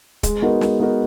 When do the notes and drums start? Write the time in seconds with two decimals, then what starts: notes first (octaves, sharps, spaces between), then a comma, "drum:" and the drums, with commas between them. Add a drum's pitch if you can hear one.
0.23 G#3, drum: kick, hi-hat
0.42 B3 D#4 F#4 A#4
0.61 G#3, drum: snare
0.80 B3 D#4 F#4 A#4